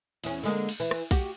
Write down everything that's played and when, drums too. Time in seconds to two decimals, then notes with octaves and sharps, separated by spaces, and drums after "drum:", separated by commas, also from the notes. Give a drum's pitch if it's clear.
0.24 E2 C#4, drum: cymbal
0.43 D3 G#3 A#3
0.69 drum: cymbal
0.80 E3
0.91 drum: rim click
1.11 F#4 G4, drum: kick, cymbal